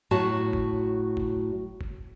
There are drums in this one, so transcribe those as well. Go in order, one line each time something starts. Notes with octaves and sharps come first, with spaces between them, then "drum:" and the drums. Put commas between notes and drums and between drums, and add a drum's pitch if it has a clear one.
A2 F#3 F#4 A5
drum: kick F#1
drum: kick F#1
drum: kick F#1